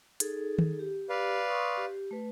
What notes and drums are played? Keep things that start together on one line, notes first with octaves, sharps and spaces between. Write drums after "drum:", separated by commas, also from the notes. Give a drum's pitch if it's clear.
D#4 G#4 A4, drum: hi-hat
drum: tom D#3
G4
B4 D5 F5
C6 C#6 D#6
G4
A3 B4